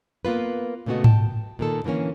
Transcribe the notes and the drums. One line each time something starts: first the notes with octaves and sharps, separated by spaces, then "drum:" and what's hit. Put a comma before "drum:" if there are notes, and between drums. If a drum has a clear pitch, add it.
A#3 B3 F4 B4
A#2 C#3 A3 B3 F#4 D#5
G5 A5, drum: tom G#2
A#2 D#3 A4
D3 E3 A3 A#3 C#4